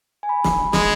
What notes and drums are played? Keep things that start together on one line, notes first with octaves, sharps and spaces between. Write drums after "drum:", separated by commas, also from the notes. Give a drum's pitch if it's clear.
G#5
B5
drum: snare
G#3, drum: snare